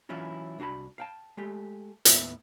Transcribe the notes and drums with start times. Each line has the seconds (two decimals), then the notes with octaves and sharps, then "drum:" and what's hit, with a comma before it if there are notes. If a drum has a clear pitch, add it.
0.09 E3 F#3 C#4 E4 F4
0.59 C2 D4 F#4 A5 B5
0.98 F5 G5 A5
1.37 G#3 A3 G4
2.05 D#2 A2 B3 E5, drum: hi-hat